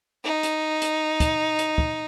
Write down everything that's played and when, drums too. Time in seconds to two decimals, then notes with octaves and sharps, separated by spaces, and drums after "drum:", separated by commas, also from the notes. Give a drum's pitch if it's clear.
0.24 D#4
0.43 drum: hi-hat
0.82 drum: hi-hat
1.20 drum: kick, hi-hat
1.59 drum: hi-hat
1.78 drum: kick